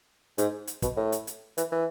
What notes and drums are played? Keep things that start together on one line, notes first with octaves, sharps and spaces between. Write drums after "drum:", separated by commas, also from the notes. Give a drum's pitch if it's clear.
G#2, drum: hi-hat
drum: hi-hat
B2, drum: kick, hi-hat
A2
drum: hi-hat
drum: hi-hat
E3, drum: hi-hat
E3